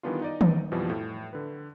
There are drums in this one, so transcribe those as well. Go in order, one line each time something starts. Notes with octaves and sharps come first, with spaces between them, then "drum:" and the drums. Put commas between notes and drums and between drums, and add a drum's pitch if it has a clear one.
D#3 E3 G3 B3 D4 F4
D#4 D5 D#5
drum: tom D#3
F2 B2 E3 F3 G3
A2
D3 B4